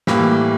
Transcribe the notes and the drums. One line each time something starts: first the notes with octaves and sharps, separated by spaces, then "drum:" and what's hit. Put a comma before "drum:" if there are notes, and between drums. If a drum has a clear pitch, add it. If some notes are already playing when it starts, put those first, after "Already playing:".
A2 E3 G3 A#3, drum: snare